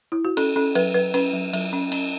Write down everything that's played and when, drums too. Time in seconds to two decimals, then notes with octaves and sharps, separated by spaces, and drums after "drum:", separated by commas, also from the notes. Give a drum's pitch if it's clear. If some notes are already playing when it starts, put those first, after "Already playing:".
0.12 E4
0.25 F#4
0.37 C#4 A4, drum: cymbal
0.56 C#4 A4
0.75 F#3 B4, drum: cymbal
0.94 F#3 B4
1.14 C#4 B4, drum: cymbal
1.33 F#3
1.53 F#3, drum: cymbal
1.73 C#4
1.92 C#4, drum: cymbal